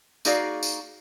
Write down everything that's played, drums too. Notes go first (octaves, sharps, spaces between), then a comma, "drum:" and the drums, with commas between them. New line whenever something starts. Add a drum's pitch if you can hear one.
A#3 D#4 F#4 G#4 D5 F5, drum: tambourine
drum: tambourine